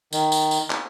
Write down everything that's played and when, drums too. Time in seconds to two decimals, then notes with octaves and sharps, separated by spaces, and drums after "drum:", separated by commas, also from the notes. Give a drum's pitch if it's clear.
0.13 D#3, drum: tambourine
0.32 drum: tambourine
0.51 drum: tambourine
0.70 drum: clap